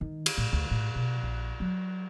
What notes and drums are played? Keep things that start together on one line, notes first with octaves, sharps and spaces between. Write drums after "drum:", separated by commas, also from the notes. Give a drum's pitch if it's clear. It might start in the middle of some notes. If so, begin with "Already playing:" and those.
D#3
drum: cymbal
A2
D2
A2
B2
A#1
F#3